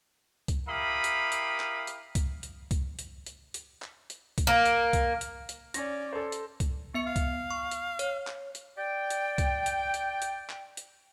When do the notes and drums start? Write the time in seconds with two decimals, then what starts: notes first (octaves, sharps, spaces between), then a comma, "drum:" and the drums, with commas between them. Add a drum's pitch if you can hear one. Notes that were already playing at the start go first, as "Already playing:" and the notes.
0.48 drum: kick C2, hi-hat
0.68 E4 G4 A#4 F5 B5 D#6
1.04 drum: hi-hat
1.32 drum: hi-hat
1.60 drum: clap
1.87 drum: hi-hat
2.15 drum: kick C2, hi-hat
2.43 drum: hi-hat
2.71 drum: kick C2, hi-hat
2.99 drum: hi-hat
3.26 drum: hi-hat
3.54 drum: hi-hat
3.82 drum: clap
4.10 drum: hi-hat
4.38 drum: kick C2, hi-hat
4.47 A#3
4.66 drum: hi-hat
4.93 drum: kick C2, hi-hat
5.21 drum: hi-hat
5.49 drum: hi-hat
5.74 C#4 D5 A#6, drum: hi-hat
6.13 A4 C5
6.32 drum: hi-hat
6.60 drum: kick C2, hi-hat
6.94 B3 E5 C#6 C#7
7.06 F5
7.16 drum: kick C2, hi-hat
7.51 C#6
7.71 drum: hi-hat
7.99 C#5, drum: hi-hat
8.27 drum: clap
8.55 drum: hi-hat
8.77 D5 G5
9.10 drum: hi-hat
9.38 drum: kick C2, hi-hat
9.66 drum: hi-hat
9.94 drum: hi-hat
10.22 drum: hi-hat
10.50 drum: clap
10.77 drum: hi-hat